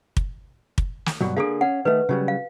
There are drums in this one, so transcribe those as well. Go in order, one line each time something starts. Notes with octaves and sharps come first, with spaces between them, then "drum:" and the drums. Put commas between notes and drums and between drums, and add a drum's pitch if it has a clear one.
drum: kick
drum: kick
drum: snare
G2 B2 F#3
D3 A#3 G#4 A4 F5
C#4 F#5
D#3 A3 B4
C#3 F#3 G3
F5